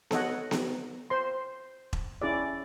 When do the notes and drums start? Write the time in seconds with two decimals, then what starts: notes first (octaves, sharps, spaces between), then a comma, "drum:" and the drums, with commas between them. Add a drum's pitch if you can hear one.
0.11 A4 C#5 D#5 F#5, drum: snare B3
0.51 drum: snare B3
1.10 C5 C6
1.93 drum: kick E1
2.21 C#4 E4 G#4 D5